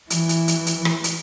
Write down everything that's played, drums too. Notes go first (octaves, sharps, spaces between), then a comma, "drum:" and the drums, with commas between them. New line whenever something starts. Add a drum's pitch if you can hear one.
E3, drum: hi-hat
drum: hi-hat
drum: hi-hat
drum: hi-hat
drum: rim click
drum: hi-hat